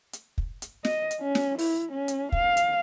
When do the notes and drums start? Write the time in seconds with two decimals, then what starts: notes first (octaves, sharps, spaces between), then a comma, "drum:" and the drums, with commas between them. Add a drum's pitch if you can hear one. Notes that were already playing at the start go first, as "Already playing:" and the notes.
0.13 drum: hi-hat
0.38 drum: kick
0.62 drum: hi-hat
0.85 D#5, drum: snare
1.11 drum: hi-hat
1.21 C#4
1.35 drum: snare
1.59 E4, drum: open hi-hat
1.92 C#4
2.08 drum: hi-hat
2.32 F5, drum: kick
2.57 drum: hi-hat